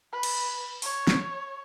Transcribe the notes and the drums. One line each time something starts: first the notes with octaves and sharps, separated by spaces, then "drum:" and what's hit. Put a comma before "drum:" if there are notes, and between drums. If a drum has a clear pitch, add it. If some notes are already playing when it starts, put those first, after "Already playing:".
B4
drum: cymbal
C#5, drum: open hi-hat
drum: snare